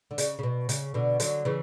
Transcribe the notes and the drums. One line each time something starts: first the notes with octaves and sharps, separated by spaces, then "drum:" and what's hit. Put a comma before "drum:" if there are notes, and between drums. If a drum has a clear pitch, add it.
D3
C#3, drum: hi-hat
C#3
B2
C#3, drum: hi-hat
B2 D3
D3 F#3, drum: hi-hat
C#3 E3